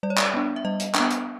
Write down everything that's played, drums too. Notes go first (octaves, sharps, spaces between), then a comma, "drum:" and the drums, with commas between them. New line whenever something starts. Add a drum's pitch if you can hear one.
G3 D5
C#5
D5, drum: clap
B3 D4
E5
G3 D#5
drum: hi-hat
B3 D4, drum: clap
drum: hi-hat